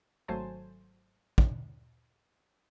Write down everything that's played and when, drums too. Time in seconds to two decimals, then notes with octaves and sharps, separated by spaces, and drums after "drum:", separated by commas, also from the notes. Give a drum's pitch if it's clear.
0.28 G#1 F#3 A3 C5 G#5 A5
1.38 drum: kick